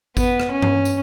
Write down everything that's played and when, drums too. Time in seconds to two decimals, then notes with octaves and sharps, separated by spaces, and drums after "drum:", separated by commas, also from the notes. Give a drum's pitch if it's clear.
0.17 B3, drum: kick G#1, tambourine
0.40 drum: rim click
0.51 C#4
0.62 drum: tom G2
0.85 drum: tambourine